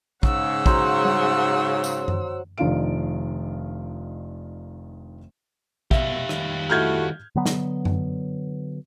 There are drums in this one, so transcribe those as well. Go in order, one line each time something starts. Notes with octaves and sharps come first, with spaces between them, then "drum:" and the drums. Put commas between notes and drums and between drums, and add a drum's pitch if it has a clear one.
G#2 C#3 F#5 E6, drum: kick
F#3 C5 A#5, drum: kick
drum: tom G3
drum: tambourine
drum: tom F#2
F1 D#3 D4 F4 F5 D7
C2 B2 G4 E5 F5, drum: kick
D#3 G3, drum: rim click
A3 E4 F#4 F6 G6 G#6
D3 F#3 B3
drum: snare
drum: tom F#2